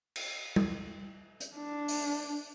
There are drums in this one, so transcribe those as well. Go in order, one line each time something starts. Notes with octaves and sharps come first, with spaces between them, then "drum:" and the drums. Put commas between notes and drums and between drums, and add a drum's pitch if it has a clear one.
drum: cymbal
drum: tom G3
drum: hi-hat
D4
drum: open hi-hat